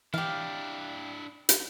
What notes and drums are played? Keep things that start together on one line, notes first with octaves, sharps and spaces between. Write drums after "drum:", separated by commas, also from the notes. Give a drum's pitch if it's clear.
E3 D4 E4 G4 F5
drum: hi-hat